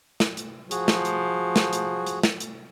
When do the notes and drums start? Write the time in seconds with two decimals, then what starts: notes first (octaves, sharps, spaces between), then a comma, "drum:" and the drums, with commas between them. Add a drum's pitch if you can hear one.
0.20 drum: snare
0.37 drum: hi-hat
0.71 F3 F#4 G#4, drum: hi-hat
0.88 drum: snare
1.05 drum: hi-hat
1.56 drum: snare
1.73 drum: hi-hat
2.07 drum: hi-hat
2.23 drum: snare
2.40 drum: hi-hat